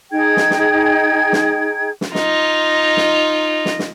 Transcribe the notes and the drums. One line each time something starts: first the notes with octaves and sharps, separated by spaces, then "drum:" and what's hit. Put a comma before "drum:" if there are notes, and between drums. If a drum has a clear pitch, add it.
D#4 G#4 G5 G#6
drum: snare
drum: snare
drum: snare
drum: snare
D#4 F4, drum: snare
drum: snare
drum: snare
drum: snare